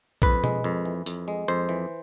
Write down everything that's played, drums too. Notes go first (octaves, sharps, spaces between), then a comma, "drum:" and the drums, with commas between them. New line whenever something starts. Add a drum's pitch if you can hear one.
F2 B4, drum: kick A#1
G#3, drum: tom B2
F2
E3
F2, drum: hi-hat
G#3
F2 C5
E3